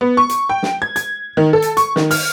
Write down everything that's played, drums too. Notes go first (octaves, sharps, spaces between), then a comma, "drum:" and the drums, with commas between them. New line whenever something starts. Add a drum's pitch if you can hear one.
B3
C#6
drum: hi-hat
G5
drum: snare
G#6
G#6, drum: hi-hat
D#3
A4
drum: hi-hat
C#6, drum: hi-hat
D#3, drum: snare
F6, drum: open hi-hat